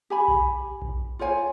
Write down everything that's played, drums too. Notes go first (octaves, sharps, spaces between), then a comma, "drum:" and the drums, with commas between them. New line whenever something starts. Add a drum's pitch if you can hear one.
G4 G#5 B5
drum: kick A#1
drum: kick A#1
F4 C5 C#5 G#5